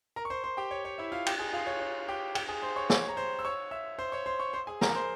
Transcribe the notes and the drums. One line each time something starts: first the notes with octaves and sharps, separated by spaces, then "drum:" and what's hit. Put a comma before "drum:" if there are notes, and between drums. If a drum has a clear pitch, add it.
A#4 A#5
C#6
C5 C6
C5 C6
G4 G5
C#5
C#5
E4 E5
F4 F5
G4 G5, drum: cymbal
G#4 G#5
F4 F5
C#5
C#5
G4 G5
G4 G5, drum: cymbal
G#4 G#5
C5 C6
C#5 C#6
C#5 C#6, drum: snare
A#5
C5 C6
E6
C#5 C#6
E5 E6
C5 C6
C#5 C#6
C5 C6
C#5 C#6
C5 C6
G#4 G#5
A#4 A#5, drum: snare
C5 C6